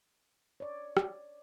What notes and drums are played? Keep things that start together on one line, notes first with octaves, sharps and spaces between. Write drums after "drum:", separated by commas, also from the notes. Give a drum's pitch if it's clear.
C#5 D5
drum: rim click